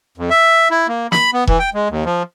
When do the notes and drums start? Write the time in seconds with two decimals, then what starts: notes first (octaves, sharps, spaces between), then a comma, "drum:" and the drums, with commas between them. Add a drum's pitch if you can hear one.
0.18 F2
0.30 E5
0.70 E4
0.88 A#3
1.12 B5, drum: snare
1.33 B3
1.47 E3, drum: kick E1
1.59 G5
1.74 G#3
1.90 D#2
2.05 F3